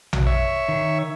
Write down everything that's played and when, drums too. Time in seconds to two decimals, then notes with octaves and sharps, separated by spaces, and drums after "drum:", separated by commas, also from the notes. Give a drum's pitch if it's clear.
0.13 F#3, drum: tom A#1
0.26 C#5 E5
0.69 D#3